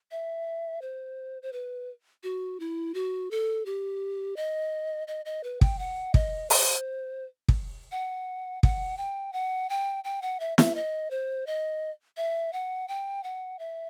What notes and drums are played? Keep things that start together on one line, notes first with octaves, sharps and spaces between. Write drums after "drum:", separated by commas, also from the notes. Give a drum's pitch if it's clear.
E5
C5
C5
B4
F#4
E4
F#4
A4
G4
D#5
D#5
D#5
B4
G5, drum: kick
F#5
D#5, drum: kick
C5, drum: open hi-hat
drum: kick
F#5
F#5, drum: kick
G5
F#5
G5
G5
F#5
E5
E5, drum: snare
D#5
C5
D#5
E5
F#5
G5
F#5
E5